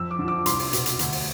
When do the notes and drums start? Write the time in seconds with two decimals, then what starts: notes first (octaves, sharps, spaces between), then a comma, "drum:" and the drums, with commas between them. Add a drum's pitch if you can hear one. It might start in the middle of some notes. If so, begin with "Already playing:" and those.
Already playing: F2 E6
0.11 D6
0.19 D3
0.24 F3 D6
0.46 C2 C6, drum: hi-hat
0.59 drum: open hi-hat
0.73 B2, drum: hi-hat
0.86 drum: hi-hat
0.99 D2, drum: hi-hat
1.12 drum: open hi-hat